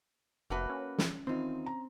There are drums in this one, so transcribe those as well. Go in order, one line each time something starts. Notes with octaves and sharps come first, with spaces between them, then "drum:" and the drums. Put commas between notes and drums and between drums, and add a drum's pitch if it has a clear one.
F1 A#3 F#4 B4 E5 A5
C#4
drum: snare
E2 D#3 C4 D#4 F4
A#5